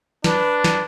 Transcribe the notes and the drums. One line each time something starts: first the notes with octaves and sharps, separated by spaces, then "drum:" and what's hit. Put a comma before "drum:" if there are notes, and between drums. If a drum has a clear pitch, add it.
D4 B4, drum: snare
drum: snare